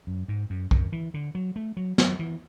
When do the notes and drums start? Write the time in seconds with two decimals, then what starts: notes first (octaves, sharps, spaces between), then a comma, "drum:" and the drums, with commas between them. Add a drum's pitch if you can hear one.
0.07 F#2
0.28 G#2
0.50 F#2
0.71 F#2, drum: kick
0.92 E3
1.14 D3
1.35 F#3
1.56 A3
1.77 F#3
1.98 F#3, drum: snare
2.19 E3